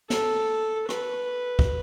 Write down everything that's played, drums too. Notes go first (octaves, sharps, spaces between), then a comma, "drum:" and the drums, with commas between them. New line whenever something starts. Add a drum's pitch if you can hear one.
A4, drum: snare
B4, drum: rim click
drum: kick